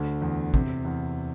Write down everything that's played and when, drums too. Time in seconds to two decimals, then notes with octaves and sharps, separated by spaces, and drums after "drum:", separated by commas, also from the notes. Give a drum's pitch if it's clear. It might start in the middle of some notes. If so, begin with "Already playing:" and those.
Already playing: D2 D3
0.22 E2
0.54 C3, drum: kick
0.85 E2